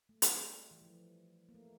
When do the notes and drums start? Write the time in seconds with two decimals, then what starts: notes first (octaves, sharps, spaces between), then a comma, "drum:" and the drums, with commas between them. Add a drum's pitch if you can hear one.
0.09 A3
0.22 G3, drum: hi-hat
0.34 A3
0.71 E3
0.82 F3
1.49 A#3
1.54 A3